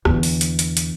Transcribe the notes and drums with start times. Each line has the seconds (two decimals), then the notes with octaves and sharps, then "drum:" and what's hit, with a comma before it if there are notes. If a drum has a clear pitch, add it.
0.05 E2 D3, drum: rim click
0.23 drum: open hi-hat
0.41 drum: hi-hat
0.59 drum: hi-hat
0.77 drum: hi-hat